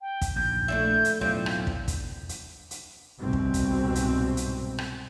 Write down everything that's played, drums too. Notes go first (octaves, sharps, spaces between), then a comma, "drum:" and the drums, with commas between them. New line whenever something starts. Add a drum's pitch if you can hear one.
G5
drum: kick, hi-hat
A#1 D#2 G6
A3 D4 E4
drum: hi-hat
B1 E2 A2 F3 C4 D4
drum: rim click
drum: kick
drum: kick, hi-hat
drum: hi-hat
drum: hi-hat
C2 G#2 B2 C4
drum: kick
drum: kick, hi-hat
drum: hi-hat
drum: hi-hat
drum: rim click